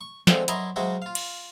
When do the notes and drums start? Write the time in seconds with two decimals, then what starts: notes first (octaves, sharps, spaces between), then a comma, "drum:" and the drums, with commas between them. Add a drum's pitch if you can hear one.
0.01 C#6
0.27 D3 F3 G#3 A3 C4, drum: snare
0.48 F#2 E4 D#5 A#5 C6 C#6, drum: hi-hat
0.76 C#3 F#3 G#3 F#4 C5 E5
1.02 F4 F5
1.15 drum: cymbal